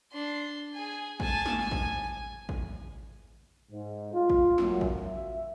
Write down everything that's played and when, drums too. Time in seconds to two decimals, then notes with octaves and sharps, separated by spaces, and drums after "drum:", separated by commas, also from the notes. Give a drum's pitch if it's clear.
0.12 D4 C6
0.74 G#4 G#5
1.20 G#5 A5, drum: kick
1.46 drum: snare
1.60 G#5
1.71 drum: kick
2.49 drum: kick
3.71 G#2
4.13 F4
4.30 drum: kick
4.58 F#2, drum: snare
4.81 drum: kick
5.05 E5